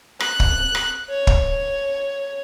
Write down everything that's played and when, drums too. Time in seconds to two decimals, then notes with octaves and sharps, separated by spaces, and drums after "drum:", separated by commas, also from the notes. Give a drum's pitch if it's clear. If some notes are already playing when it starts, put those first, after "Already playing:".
0.20 F#6, drum: rim click
0.40 drum: kick
0.75 drum: rim click
1.10 C#5
1.27 drum: kick